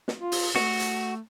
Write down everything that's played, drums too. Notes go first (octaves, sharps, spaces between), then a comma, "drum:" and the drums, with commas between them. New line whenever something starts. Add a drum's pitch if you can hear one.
drum: snare
F4
drum: open hi-hat
A3 F#4, drum: snare
drum: hi-hat